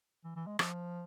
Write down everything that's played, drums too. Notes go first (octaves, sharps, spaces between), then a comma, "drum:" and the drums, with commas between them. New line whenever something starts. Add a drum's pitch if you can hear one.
E3
E3
G#3
F3, drum: rim click